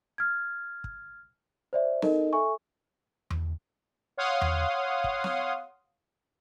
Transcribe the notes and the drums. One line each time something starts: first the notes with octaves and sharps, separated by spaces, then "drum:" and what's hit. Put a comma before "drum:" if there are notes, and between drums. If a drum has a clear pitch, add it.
F6 G#6
drum: kick
C5 D5 E5
D#4 A4 A#4 D#5, drum: snare
A4 E5 G#5 C#6
drum: tom E2
C#5 F5 F#5 C6 D#6
drum: tom E2
drum: kick
drum: snare